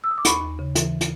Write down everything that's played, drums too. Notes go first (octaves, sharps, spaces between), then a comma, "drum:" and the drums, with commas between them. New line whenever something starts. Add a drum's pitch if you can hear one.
E6
D#6
D6
D#2 B5 C#6, drum: hi-hat
D#2
C#3
E3, drum: hi-hat
drum: hi-hat